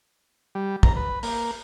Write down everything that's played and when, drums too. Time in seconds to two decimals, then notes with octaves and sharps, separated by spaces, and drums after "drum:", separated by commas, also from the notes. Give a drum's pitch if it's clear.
0.55 G3
0.83 A#5, drum: kick
0.96 B4
1.23 A#3, drum: open hi-hat